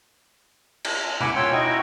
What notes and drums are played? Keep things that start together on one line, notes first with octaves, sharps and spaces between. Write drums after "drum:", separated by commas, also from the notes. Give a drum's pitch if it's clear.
drum: cymbal
G#5
E4 E5 F#5 G#5 D6 F#6, drum: tom B2
F4 C#5 G5 C6 E6
D#4 E4 F#4 D#5 G5 C#6